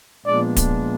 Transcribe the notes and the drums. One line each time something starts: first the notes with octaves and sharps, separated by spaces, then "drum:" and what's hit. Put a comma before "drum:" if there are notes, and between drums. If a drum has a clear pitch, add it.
A#2 F3 G#3 B3 D4 D5
drum: kick D1, hi-hat